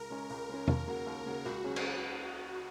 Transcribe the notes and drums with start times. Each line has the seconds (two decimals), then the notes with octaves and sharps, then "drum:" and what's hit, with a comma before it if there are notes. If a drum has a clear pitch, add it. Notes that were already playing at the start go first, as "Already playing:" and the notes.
Already playing: C#2 A#4
0.10 C#3 G#3 C#4
0.30 C#2 A#4
0.49 C#3 G#3 C#4
0.68 D#2, drum: tom
0.87 C#3 A#3 F#4
1.06 D#2
1.26 C#3 A#3 F#4
1.45 C#2 F#4
1.64 C#3 F#3 C#4 G#4
1.76 drum: cymbal